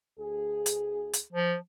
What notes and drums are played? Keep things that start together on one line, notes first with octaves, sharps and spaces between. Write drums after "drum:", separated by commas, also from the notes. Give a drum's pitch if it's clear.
D2 G#4
drum: hi-hat
drum: hi-hat
F3